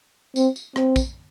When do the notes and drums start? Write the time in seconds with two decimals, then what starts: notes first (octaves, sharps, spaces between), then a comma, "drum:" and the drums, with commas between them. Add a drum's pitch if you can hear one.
0.36 C4, drum: tambourine
0.56 drum: tambourine
0.76 C4, drum: rim click
0.96 drum: kick, tambourine